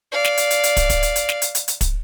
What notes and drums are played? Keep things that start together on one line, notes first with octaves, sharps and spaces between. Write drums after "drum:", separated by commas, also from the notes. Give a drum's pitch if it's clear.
D5 F5
drum: snare
drum: hi-hat
drum: hi-hat
drum: hi-hat
drum: kick, hi-hat
drum: kick, hi-hat
drum: hi-hat
drum: hi-hat
drum: snare
drum: hi-hat
drum: hi-hat
drum: hi-hat
drum: kick, hi-hat